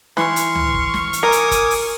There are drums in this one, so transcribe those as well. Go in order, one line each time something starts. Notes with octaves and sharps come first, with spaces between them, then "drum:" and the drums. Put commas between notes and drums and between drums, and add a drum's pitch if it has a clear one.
E3 C6 C#6 F6, drum: snare
drum: hi-hat
drum: tom C#2
drum: kick
drum: snare
drum: hi-hat
A#4 G#5 D6 D#6
drum: hi-hat
drum: kick, hi-hat
drum: open hi-hat